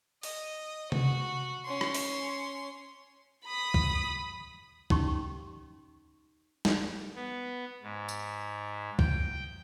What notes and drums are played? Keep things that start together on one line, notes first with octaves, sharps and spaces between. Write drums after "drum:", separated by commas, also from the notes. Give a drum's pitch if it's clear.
D#5, drum: open hi-hat
F#4, drum: tom C3
C#4 C6
drum: rim click
drum: open hi-hat
B5 D#6
drum: kick
C#4 D#4 G4 C6 C#6, drum: kick
drum: snare
B3
G#2
drum: tambourine
G5, drum: kick